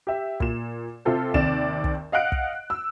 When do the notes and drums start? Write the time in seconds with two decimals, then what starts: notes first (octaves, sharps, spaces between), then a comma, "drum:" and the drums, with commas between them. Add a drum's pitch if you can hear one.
0.07 G4 E5
0.40 A#2 E7, drum: kick
1.05 C3 F4 A4 C5
1.34 D#2 C3 D5 E7, drum: kick
1.84 drum: kick
2.12 D#5 F5 F#5 F#6 D7
2.32 drum: kick
2.70 E6